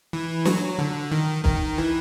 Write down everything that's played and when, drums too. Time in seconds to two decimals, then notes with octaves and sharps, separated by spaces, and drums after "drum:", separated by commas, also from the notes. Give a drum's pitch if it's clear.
0.13 E3
0.45 F#3, drum: snare
0.78 D3
1.12 D#3
1.45 D#3, drum: kick
1.78 E3